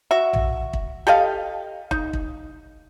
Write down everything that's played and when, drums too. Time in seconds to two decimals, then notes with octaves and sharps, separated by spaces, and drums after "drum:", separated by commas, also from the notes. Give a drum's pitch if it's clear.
0.11 F#4 E5
0.33 drum: tom A#1
0.73 drum: kick
1.07 G4 A4 D#5 F5
1.91 D#4, drum: kick
2.13 drum: kick